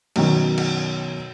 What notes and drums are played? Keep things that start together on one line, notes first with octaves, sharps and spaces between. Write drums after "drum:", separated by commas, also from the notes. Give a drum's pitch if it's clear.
F#2 B2 D#3 F#3, drum: cymbal
drum: cymbal